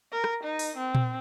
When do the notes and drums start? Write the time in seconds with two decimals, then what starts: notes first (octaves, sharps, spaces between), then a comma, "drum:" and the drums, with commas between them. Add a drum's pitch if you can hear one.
0.12 A#4
0.24 drum: rim click
0.43 D#4
0.59 drum: open hi-hat
0.77 C4
0.95 drum: tom A#2